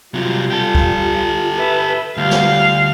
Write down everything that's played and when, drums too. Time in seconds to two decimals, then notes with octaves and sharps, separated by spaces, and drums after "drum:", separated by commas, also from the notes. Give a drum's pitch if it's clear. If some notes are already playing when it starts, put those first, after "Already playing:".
0.14 C3 F#3 G3 F4
0.50 G4 A4
0.75 drum: kick C#2
1.56 B4 E5
2.17 D2 G3 F4 F5
2.31 drum: snare